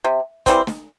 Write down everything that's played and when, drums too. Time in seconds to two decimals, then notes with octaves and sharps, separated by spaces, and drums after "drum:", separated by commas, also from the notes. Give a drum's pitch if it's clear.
0.04 C3
0.46 E3 G3 C4, drum: kick, hi-hat
0.67 drum: snare